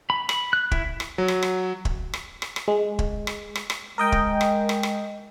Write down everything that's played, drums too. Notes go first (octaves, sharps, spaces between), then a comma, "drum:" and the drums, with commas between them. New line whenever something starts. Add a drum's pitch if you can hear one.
B5
B5, drum: rim click
F#6
E4, drum: kick
drum: rim click
F#3
drum: rim click
drum: rim click
drum: kick
drum: rim click
drum: rim click
drum: rim click
G#3
drum: kick
drum: rim click
drum: rim click
drum: rim click
G#3 A#4 D#5 G5
drum: kick
drum: rim click
drum: rim click
drum: rim click